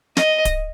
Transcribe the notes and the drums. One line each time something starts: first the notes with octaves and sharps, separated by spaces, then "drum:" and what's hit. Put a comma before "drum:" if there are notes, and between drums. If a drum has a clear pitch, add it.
D#5, drum: snare
drum: kick D1, hi-hat